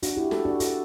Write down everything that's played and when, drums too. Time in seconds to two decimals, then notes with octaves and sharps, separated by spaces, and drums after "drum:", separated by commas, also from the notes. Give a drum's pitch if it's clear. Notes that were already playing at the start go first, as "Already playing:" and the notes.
0.03 D4 F#4, drum: hi-hat
0.17 E4 G4
0.31 F#4 A4, drum: snare
0.45 D4 F#4
0.60 F#4 A4, drum: hi-hat